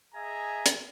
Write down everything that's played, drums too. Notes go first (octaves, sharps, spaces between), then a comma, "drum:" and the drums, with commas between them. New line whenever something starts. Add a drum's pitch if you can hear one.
G#4 D#5 E5 G#5 A#5
drum: hi-hat